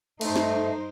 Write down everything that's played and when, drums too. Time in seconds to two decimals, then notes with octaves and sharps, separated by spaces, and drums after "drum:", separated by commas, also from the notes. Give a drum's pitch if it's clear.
0.21 G2 A3 D#4 C5, drum: cymbal
0.36 drum: snare